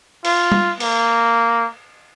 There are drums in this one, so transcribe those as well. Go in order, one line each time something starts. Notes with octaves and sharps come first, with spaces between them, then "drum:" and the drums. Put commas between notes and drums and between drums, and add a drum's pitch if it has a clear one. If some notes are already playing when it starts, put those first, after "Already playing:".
F4, drum: cymbal
drum: tom
A#3, drum: cymbal